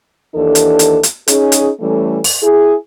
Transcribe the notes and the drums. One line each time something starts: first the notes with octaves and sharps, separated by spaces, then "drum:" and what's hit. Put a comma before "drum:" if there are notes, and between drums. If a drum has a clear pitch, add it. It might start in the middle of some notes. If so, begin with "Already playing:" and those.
D#2 E3 D4 A4
drum: hi-hat
drum: hi-hat
drum: hi-hat
C#4 D#4 G#4, drum: hi-hat
drum: hi-hat
E3 G3 A3 C#4 A4
drum: open hi-hat
E4 G#4